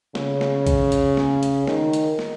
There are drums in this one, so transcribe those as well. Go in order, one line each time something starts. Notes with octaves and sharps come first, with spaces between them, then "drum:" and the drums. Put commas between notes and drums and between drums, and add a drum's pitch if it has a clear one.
C#3, drum: snare
drum: snare
drum: kick, hi-hat
drum: hi-hat
drum: snare
drum: hi-hat
D#3, drum: snare
drum: hi-hat
drum: snare